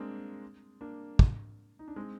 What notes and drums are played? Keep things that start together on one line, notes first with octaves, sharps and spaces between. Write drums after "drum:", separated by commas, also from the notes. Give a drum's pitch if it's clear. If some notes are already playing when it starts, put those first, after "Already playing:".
Already playing: G#3 A#3 C4 D4
A#3 D4
drum: kick
D#4
D4
G#3 C4